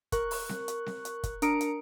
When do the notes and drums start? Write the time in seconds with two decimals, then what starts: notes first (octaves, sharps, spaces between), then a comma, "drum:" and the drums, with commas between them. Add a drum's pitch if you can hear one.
0.12 A#4 C#6 F#6, drum: kick, hi-hat
0.31 drum: open hi-hat
0.49 drum: snare C4
0.68 drum: hi-hat
0.86 drum: snare C4
1.05 drum: hi-hat
1.24 drum: kick, hi-hat
1.42 D4 A#4 A#5 D#6 C#7 D7, drum: hi-hat
1.61 drum: hi-hat